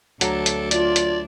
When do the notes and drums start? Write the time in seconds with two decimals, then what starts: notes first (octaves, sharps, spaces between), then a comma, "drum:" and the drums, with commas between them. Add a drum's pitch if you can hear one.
0.21 D2 F#3 D4 A4, drum: hi-hat
0.46 drum: hi-hat
0.71 F4 D5, drum: hi-hat
0.96 drum: hi-hat